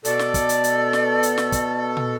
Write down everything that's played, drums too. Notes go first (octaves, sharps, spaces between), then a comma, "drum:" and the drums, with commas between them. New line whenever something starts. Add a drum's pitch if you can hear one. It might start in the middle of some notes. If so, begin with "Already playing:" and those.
B2 A4 D5, drum: hi-hat
drum: snare
drum: kick, hi-hat
drum: hi-hat
drum: hi-hat
drum: snare
drum: hi-hat
drum: snare
drum: kick, hi-hat
drum: tom